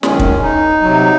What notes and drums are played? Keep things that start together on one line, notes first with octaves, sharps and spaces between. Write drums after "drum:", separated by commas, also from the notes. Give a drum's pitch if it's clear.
F#2 D#3 G#3 C#4, drum: snare
drum: kick
D#4
C3 F#3